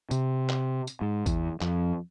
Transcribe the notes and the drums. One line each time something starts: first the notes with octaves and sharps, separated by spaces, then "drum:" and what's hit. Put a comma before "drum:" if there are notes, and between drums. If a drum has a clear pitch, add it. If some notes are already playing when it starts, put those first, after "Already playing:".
C3, drum: tambourine
drum: clap
drum: tambourine
G#2
E2, drum: kick G#1, tambourine
F2, drum: clap